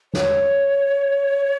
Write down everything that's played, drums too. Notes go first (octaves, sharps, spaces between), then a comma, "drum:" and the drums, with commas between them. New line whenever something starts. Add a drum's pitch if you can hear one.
C#5, drum: snare